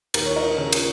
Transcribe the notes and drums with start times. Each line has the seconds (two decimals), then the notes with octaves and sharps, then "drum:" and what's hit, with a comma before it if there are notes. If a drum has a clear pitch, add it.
0.14 D#2 A#4, drum: cymbal
0.26 C#5
0.36 A#4 D#5
0.57 C#3 A#4
0.72 drum: cymbal